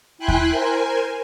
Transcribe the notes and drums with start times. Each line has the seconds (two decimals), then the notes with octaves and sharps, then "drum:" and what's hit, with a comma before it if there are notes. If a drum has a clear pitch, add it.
0.18 E4 G5 G#5 B5 C6 F#6
0.28 drum: kick D#2
0.51 A#4 C5 G#5